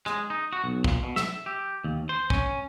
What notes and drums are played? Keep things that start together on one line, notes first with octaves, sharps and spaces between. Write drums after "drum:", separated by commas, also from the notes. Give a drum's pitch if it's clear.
G#3, drum: rim click
D#4
F#4
B1
A#2, drum: kick
B2
E5, drum: snare
G4
D#2
C5
C#4, drum: kick